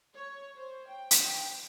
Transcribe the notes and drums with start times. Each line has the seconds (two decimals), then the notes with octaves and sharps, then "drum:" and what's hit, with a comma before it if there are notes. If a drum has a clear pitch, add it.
0.15 C#5
0.56 C5
0.89 G5
1.11 drum: hi-hat
1.24 G5